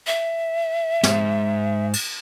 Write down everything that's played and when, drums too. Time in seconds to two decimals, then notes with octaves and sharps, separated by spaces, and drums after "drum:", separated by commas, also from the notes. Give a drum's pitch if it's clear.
0.07 E5
1.03 G#2 G#3, drum: snare
1.93 drum: cymbal